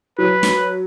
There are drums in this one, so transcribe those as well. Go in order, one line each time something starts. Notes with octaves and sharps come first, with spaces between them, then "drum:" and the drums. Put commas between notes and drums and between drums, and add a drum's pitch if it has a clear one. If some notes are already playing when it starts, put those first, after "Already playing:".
F#3 B4
drum: snare